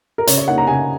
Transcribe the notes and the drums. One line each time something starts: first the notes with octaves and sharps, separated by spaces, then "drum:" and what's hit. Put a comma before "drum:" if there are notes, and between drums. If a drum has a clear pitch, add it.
A#4
C#3 C#5, drum: hi-hat
C#5
A#3 D#4 F#5
A#5
C#3 G#5